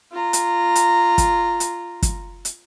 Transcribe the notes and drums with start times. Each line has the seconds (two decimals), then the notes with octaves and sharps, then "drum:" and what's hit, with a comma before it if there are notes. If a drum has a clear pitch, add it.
0.12 F4 A#5
0.33 drum: hi-hat
0.75 drum: hi-hat
1.18 drum: kick, hi-hat
1.60 drum: hi-hat
2.02 drum: kick, hi-hat
2.45 drum: hi-hat